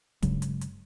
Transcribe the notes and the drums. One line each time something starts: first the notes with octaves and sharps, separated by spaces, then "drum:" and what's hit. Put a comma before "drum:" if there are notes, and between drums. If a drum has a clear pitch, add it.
G2 C#3 F#3 G#3, drum: kick, hi-hat
drum: hi-hat
drum: hi-hat